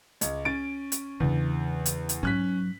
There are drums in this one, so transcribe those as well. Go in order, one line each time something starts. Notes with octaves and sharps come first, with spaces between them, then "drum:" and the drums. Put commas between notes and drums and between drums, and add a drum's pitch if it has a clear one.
C#2, drum: hi-hat
C#4 A6 D7
drum: hi-hat
E2 C#3 D4
drum: hi-hat
drum: hi-hat
G#2 F#3 C#4 F#6 B6